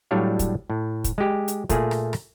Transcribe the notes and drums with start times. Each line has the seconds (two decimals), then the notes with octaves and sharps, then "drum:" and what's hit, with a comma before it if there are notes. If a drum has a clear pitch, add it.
0.11 A2 F#3 G3 D4 C#5 F5
0.39 drum: kick, hi-hat
0.70 A2
1.04 drum: kick, hi-hat
1.18 G#3 G4
1.48 drum: hi-hat
1.69 A#2 A3 A#3 G#4, drum: kick, hi-hat
1.91 drum: rim click
2.13 drum: rim click